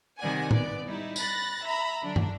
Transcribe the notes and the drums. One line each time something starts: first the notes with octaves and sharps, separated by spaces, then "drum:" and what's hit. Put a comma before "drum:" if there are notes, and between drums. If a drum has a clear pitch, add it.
C3 D#3 G3 D5 F#5 G#5
B3 D5, drum: tom A2
G3 D#4 E4
B5 F#6 A6 A#6, drum: tambourine
E5 A#5 B5
D3 F#3 D4
drum: tom